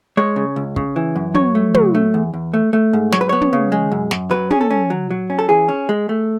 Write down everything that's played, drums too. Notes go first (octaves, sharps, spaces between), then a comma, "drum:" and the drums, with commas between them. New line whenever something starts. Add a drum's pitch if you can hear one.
G#3 C#5
C#3
C#2
C#3, drum: kick
E3
F#2
F#3 C#5, drum: tom
A3
F#3, drum: tom
A3
E2
E2
A3
A3
G#2
F#3 C#5, drum: snare
B4
B3 C#5
drum: tom
C#3
G#3
F#2
F#2, drum: snare
F#3 B4
C#4 G#4, drum: tom
A4
C#4
F#3
F#3
C#4
A4
E3 G#4
C#4
G#3
A3